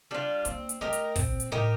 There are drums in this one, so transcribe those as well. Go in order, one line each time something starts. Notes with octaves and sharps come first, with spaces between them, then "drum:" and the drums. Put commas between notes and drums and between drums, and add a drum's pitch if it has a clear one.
G3 D4 F4
A#3 C4, drum: hi-hat
drum: hi-hat
A3 D#4 G4 A#4
drum: hi-hat
A#2 C4, drum: kick, open hi-hat
drum: hi-hat
A2 D#4 G4 A#4